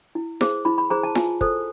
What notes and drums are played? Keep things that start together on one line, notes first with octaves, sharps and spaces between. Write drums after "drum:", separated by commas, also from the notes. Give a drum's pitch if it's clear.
E4
G#4 C5, drum: snare E4
E4 B5
B5
G#4 C5 A#5
A5
F4 G#5, drum: snare E4
A4 C5, drum: kick